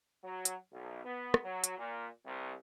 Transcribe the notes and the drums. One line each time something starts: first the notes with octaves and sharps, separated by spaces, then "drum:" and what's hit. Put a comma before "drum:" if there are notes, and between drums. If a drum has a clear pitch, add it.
F#3
drum: hi-hat
B1
B3
drum: rim click
F#3
drum: hi-hat
A#2
C2